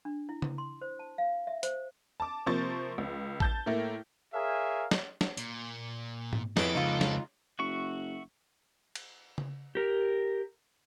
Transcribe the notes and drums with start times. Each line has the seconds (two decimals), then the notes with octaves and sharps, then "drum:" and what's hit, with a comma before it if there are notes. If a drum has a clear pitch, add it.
0.05 D4
0.29 E4
0.42 E4, drum: tom C#3
0.58 C6
0.81 C5
0.99 A5
1.18 F5
1.47 E5
1.63 C5, drum: hi-hat
2.20 A5 D6
2.46 C3 F3 A#3 C5 C#6 A6
2.98 C#2
3.40 A5 G6 A6, drum: kick A1
3.66 A2 A3 A#3
4.33 G#4 A#4 C#5 E5 F5 G#5
4.91 drum: snare
5.21 drum: snare
5.37 A#2, drum: hi-hat
6.33 drum: tom G#2
6.57 F2 E4 G#4 A4 B4 D7, drum: snare
6.75 C#2 D#4 F4
7.01 drum: snare
7.59 F#1 F#4 E5 C#6
8.95 drum: cymbal
9.38 drum: tom C#3
9.75 G4 A#4